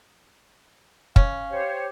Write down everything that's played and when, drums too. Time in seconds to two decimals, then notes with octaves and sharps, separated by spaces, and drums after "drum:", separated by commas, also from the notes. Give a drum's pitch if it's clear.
1.16 C#4 F5, drum: kick
1.52 G4 C5 C#5